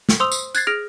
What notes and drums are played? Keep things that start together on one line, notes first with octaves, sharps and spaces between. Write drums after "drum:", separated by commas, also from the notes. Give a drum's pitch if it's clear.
drum: snare
C5 C6 D#6 E6 F7
drum: tambourine
F#6 G#6 A6 C7, drum: tambourine
G#4 F6 A#6 D7 F7